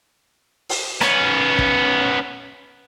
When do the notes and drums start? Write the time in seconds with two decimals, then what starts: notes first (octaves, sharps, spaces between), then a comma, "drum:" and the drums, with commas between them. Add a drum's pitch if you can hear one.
0.69 drum: open hi-hat
1.01 B3 C#4, drum: rim click
1.59 drum: kick